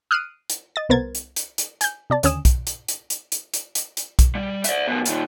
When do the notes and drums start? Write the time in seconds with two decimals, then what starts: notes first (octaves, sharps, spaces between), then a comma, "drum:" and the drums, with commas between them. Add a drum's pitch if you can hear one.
0.11 D#6 F6 F#6 C7 D7 D#7
0.50 drum: hi-hat
0.76 D#5 A6
0.89 C2 B3 A#4 C5 G#6 A6
1.15 drum: hi-hat
1.36 drum: hi-hat
1.58 drum: hi-hat
1.81 G#5 G6, drum: hi-hat
2.10 C3 D5 A5
2.23 D#2 D3 C#4 G#5 D#6 E7, drum: hi-hat
2.45 drum: kick B1, hi-hat
2.67 drum: hi-hat
2.88 drum: hi-hat
3.10 drum: hi-hat
3.32 drum: hi-hat
3.54 drum: hi-hat
3.75 drum: hi-hat
3.97 drum: hi-hat
4.19 drum: kick B1, hi-hat
4.35 G3
4.64 D5 E5, drum: hi-hat
4.87 F#2 B2
5.06 A#2 D#3, drum: hi-hat